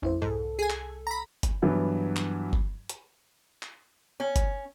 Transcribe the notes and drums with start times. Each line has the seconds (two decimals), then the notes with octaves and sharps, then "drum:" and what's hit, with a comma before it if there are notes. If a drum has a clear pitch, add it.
0.02 A1 F2 E4 C5
0.22 C2 G#2 A4
0.59 G#4 G#5
0.70 drum: clap
1.07 A#5 B5
1.43 drum: kick, hi-hat
1.62 G2 E3 F#3 B3
2.16 drum: clap
2.53 drum: kick
2.89 drum: hi-hat
3.63 drum: clap
4.20 C#4
4.36 drum: kick, hi-hat